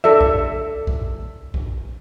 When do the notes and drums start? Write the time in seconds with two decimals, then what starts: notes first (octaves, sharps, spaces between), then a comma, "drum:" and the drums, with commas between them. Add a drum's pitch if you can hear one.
0.04 A4 D5 E5
0.21 drum: kick A#1
0.87 drum: kick A#1
1.54 drum: kick A#1